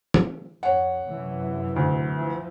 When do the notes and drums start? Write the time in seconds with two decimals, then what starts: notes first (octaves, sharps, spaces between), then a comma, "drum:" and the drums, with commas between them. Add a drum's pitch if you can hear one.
0.14 drum: tom
0.63 F2 C#5 F#5
1.07 F#2 C3 E3
1.76 D2
2.16 E3 F3